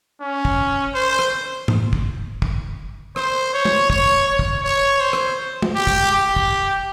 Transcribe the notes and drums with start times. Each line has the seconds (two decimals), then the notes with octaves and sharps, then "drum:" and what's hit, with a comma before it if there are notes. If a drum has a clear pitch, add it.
0.21 C#4
0.45 drum: kick
0.94 C5
1.19 drum: rim click
1.68 drum: tom G#2
1.93 drum: kick
2.42 drum: kick
3.16 C5, drum: rim click
3.54 C#5
3.65 drum: tom
3.90 C#5, drum: kick
4.28 C#5
4.39 drum: kick
4.64 C#5
5.00 C5
5.13 drum: rim click
5.62 drum: tom
5.75 G4
5.87 drum: kick
6.12 G4
6.36 drum: kick